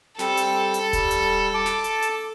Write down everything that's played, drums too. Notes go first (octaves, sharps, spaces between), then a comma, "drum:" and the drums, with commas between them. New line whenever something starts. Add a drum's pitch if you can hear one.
G3 C4 A4, drum: snare
drum: hi-hat
drum: hi-hat
G3, drum: kick D#1, hi-hat
drum: hi-hat
A5 D6
drum: snare
drum: hi-hat
drum: hi-hat